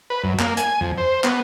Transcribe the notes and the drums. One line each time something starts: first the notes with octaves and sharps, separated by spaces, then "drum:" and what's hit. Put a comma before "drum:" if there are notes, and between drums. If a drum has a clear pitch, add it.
B4
F#2
A#3, drum: clap
G#5, drum: hi-hat
F2
C5
B3, drum: clap